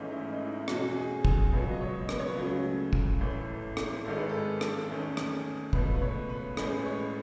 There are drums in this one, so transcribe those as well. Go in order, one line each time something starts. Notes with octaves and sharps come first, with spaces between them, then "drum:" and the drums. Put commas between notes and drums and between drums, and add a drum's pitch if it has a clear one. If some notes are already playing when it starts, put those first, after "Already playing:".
Already playing: G#1 G#2 E3 A3 C#4 D#4
E4
D#4
E4
E2 B2 A3 C#4 F#4, drum: rim click
G#4
A4, drum: kick
C#2 B2 F#3 B4
D#5
C#5
B4, drum: rim click
C#5
B4
C#2 C#3 F#3 A3 C#4
drum: kick
A1 A2 E3 A3
drum: rim click
G#1 G#2 D#3 G#3 A4
B4
A4
drum: rim click
E2 D#3 A3 C#4
drum: rim click
C#2 B2 A3 B4, drum: kick
B4
C#5
B4
A1 A2 G#3 C#4 B4, drum: rim click
B4
C#5